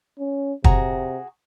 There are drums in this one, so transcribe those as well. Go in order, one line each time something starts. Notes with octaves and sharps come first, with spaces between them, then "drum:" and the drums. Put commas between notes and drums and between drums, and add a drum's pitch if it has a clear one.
C#4
C3 F#4 G#4 A#5, drum: kick